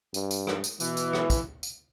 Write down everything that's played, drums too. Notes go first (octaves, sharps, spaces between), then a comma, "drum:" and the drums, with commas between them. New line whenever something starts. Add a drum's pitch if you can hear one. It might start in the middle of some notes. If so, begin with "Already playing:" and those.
G2, drum: tambourine
drum: tambourine
drum: rim click
drum: tambourine
B2 E3, drum: tambourine
drum: tambourine
drum: rim click
drum: kick, tambourine
drum: tambourine